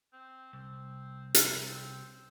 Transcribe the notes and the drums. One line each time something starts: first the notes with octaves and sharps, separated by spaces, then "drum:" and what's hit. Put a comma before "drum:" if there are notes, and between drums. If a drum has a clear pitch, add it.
C4
C2 C4
drum: hi-hat
C4